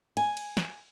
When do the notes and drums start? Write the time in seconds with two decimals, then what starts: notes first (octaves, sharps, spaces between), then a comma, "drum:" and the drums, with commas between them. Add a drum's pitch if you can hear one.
0.17 G#5, drum: cymbal
0.37 drum: cymbal
0.57 drum: snare